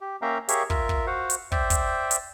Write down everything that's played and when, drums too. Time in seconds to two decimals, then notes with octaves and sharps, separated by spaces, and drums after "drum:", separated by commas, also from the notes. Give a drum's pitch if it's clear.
0.01 G4
0.22 A#3 C#4 E5 F5 G5 A#5
0.49 G4 G#4 A#4 C#5 E5 F5, drum: hi-hat
0.70 F4 A#4 E5, drum: kick
0.89 drum: kick
1.07 F#4 C5 F5 F#5
1.30 drum: hi-hat
1.52 C5 D5 E5 G5, drum: kick
1.70 drum: kick, hi-hat
2.11 drum: hi-hat